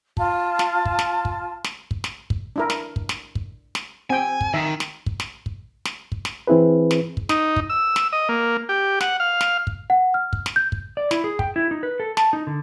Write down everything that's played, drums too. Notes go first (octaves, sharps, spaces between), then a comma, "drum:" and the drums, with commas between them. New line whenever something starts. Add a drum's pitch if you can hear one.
F4 A5, drum: kick
drum: snare
drum: kick
drum: snare
drum: kick
drum: snare
drum: kick
drum: snare
drum: kick
D4 E4 A#4
drum: snare
drum: kick
drum: snare
drum: kick
drum: snare
C4 G5 G#5
drum: kick
D#3 E5
drum: snare
drum: kick
drum: snare
drum: kick
drum: snare
drum: kick
drum: snare
E3 C4 E4 G#4 B4
drum: snare
drum: kick
D#4, drum: snare
drum: kick
E6
drum: snare
D#5
A#3
G4
F#5, drum: snare
F5
drum: snare
drum: kick
F#5
F6
drum: kick
drum: snare
G6
drum: kick
D5
E4, drum: snare
G#4
G5, drum: kick
E4
D#4
B4
A4
A5, drum: snare
D#4
D3